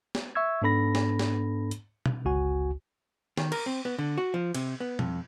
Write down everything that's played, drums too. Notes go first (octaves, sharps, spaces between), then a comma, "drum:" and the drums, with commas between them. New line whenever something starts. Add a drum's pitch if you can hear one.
drum: snare
E5 C#6 E6 G#6
G#2 B3 D4 A4 B5 A#6
drum: snare
drum: snare
drum: hi-hat
drum: tom B2
G1 C#2 F#4 G#5
D#3, drum: snare
A#4, drum: cymbal
C4
B3
D3
F#4
F3
C3, drum: cymbal
B3
F2, drum: tom